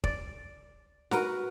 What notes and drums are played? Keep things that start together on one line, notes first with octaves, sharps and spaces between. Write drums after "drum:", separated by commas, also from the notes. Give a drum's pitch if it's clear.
D5, drum: kick
F#4 A#4 B4, drum: snare